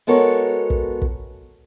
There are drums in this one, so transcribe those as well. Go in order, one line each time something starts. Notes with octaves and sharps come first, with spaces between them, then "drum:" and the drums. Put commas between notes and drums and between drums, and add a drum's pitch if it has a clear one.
G#3 B3 F#4 A4 A#4 C#5
drum: kick
drum: kick